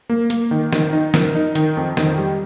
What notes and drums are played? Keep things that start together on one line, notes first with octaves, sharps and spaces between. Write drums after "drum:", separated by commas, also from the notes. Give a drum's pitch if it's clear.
A#3
A#3, drum: hi-hat
D#3
D#3, drum: snare
D#4
A#4, drum: snare
D#4
D#3, drum: hi-hat
F2
D#3, drum: snare
G3